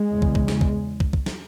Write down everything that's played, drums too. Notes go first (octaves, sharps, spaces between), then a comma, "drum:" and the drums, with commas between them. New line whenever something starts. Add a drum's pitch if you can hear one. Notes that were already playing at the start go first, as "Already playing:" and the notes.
Already playing: G#3
E2 C#3
drum: kick
drum: kick
drum: snare
drum: kick
drum: kick
drum: kick
drum: snare